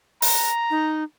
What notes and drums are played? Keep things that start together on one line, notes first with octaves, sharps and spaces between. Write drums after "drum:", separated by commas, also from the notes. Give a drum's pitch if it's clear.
A#5, drum: open hi-hat
D#4